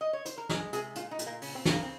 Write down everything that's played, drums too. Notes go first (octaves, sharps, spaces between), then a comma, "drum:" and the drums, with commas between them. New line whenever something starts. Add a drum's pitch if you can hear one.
D#5
C#5
C5, drum: hi-hat
A#4
G#3 G#4, drum: snare
C3 G#4, drum: hi-hat
A#2 F4, drum: hi-hat
D#4
A#2, drum: hi-hat
A#3
C#3 C#4, drum: open hi-hat
C4
C#3 A#3, drum: snare
C4